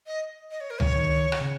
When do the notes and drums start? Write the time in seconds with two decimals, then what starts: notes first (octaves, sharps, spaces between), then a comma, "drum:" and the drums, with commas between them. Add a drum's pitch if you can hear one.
0.06 D#5
0.51 D#5
0.61 C#5
0.70 A#4
0.80 C#5, drum: tom C#2
0.96 D#3
1.32 drum: rim click
1.41 C#3